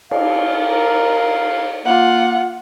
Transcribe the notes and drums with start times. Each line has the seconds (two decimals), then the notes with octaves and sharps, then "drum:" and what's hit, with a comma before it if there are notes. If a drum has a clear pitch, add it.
0.11 F5, drum: cymbal
0.65 A#4
1.85 A#3 F4 F#5